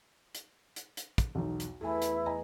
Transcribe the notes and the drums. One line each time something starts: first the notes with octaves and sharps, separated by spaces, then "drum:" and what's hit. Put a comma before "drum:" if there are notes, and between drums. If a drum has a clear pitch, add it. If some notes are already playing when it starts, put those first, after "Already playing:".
drum: hi-hat
drum: hi-hat
drum: hi-hat
drum: kick, hi-hat
B1 E2 D#4
drum: hi-hat
E2 A3 E4 A4 G#5
drum: hi-hat
D#5 G#5 A#5